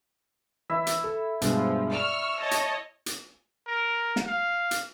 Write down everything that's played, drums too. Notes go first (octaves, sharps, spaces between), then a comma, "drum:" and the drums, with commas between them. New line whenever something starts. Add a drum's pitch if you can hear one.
E3 E4 E5
drum: hi-hat
A4
G2 B2 F3 G#3, drum: hi-hat
D5 C#6 E6 F6
C#5 D#5 A5
drum: hi-hat
drum: hi-hat
A#4
drum: snare
F5
drum: hi-hat